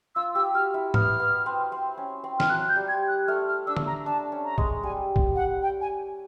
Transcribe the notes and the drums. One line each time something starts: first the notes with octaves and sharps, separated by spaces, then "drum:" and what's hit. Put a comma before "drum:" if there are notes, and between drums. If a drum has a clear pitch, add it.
F4 E6
G4 E6
F#4 F6
E4
B3 F6, drum: tom
B3
C4
C4
C#4
C4
F6, drum: snare
F#3 F#6
G6
G3
G#6
F#6
A3 F6
F6
D4 E6
drum: tom D3
A#5
D4 A5
C#4
A#5
G#3, drum: kick A#1
G3 G#5
drum: kick A#1
F#5
G5
G#5